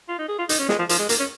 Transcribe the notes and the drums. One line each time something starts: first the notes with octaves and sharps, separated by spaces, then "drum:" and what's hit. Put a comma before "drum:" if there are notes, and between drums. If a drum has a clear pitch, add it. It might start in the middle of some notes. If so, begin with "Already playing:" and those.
F4
D#4
G#4
F4
D#4, drum: hi-hat
C#4
G#3, drum: snare
F3
F3, drum: hi-hat
G#3
A#3, drum: hi-hat
C#4